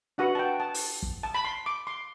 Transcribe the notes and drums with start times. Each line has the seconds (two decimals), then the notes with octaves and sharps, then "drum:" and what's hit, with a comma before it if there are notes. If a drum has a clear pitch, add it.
0.18 D4 F#4 B4 F#5
0.35 A5
0.39 G5
0.60 A5
0.74 drum: open hi-hat
1.02 drum: kick
1.23 A5
1.35 B5
1.45 C6
1.66 D6
1.87 C6